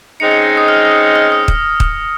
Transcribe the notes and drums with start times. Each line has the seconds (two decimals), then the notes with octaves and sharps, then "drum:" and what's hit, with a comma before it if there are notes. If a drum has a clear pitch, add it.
0.20 C#3 G#3 C4 D#4 C#7
0.31 C#7
0.42 A#6
0.57 D#6
0.68 F6
1.16 F6
1.32 D#6
1.48 drum: kick
1.80 drum: kick